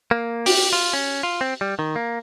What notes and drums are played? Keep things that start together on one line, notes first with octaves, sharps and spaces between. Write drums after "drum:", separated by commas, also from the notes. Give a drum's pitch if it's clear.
A#3
G4, drum: open hi-hat
F4
C#4
F4
C4
G3
D#3
A#3